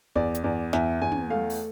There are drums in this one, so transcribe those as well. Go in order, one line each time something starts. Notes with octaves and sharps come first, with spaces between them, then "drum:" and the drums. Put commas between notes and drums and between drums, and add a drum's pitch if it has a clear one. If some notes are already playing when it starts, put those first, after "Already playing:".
E2 D5, drum: kick
drum: hi-hat
E2 D5
E2 E5, drum: snare
E2 G#5
drum: tom
A3 F5
drum: open hi-hat